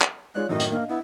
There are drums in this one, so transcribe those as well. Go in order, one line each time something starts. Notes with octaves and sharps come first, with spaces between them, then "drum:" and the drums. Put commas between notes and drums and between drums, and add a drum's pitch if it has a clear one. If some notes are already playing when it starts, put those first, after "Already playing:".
drum: clap
G#3 F4 C#5 D5 F#6
F#2 A2 D#3 D#5
drum: hi-hat
A#3 D4 D#5 F5
B3 E4